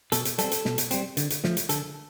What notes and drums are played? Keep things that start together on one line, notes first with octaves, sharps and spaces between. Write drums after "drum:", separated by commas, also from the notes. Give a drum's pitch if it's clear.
B2 A4, drum: hi-hat
drum: hi-hat
G3 C4 A4, drum: hi-hat
drum: hi-hat
B2, drum: snare
drum: hi-hat
G3 C4, drum: hi-hat
D3, drum: hi-hat
drum: hi-hat
F3 A3, drum: snare
drum: hi-hat
D3 A4, drum: hi-hat